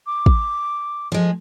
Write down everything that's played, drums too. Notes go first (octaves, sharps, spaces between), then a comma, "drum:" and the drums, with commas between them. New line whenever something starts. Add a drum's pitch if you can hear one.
D6
drum: kick
F3 G#3